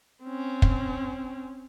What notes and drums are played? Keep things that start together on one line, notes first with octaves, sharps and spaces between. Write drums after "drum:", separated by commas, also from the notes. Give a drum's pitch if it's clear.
C4 C#4
drum: kick